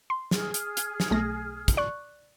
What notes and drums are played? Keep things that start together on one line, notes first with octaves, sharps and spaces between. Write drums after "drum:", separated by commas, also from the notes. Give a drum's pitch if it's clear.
C6
G#4 F6, drum: snare
drum: hi-hat
drum: hi-hat
drum: snare
B1 A3 A#6
drum: kick, hi-hat
D5 C#6 F#6